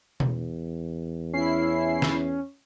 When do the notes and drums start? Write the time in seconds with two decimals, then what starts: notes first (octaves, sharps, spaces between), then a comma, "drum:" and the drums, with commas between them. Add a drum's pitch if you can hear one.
0.20 E2, drum: tom B2
1.33 C#4 E4 C7
2.02 drum: snare